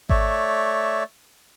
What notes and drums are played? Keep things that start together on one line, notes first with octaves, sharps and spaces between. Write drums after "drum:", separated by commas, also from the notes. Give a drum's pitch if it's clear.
A3 C#5 D5 E5, drum: kick G#1